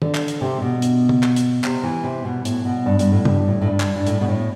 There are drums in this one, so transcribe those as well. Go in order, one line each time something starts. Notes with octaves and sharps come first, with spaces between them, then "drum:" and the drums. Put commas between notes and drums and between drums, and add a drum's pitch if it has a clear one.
D3, drum: tom
drum: clap
drum: hi-hat
C3
B2
drum: hi-hat
drum: tom
drum: clap
drum: hi-hat
C3, drum: clap
E3
C3
B2
A2, drum: hi-hat
B2
G2
G2, drum: hi-hat
A2
G2, drum: tom
A2
A2
G2
drum: clap
G2
A2, drum: hi-hat
B2
A2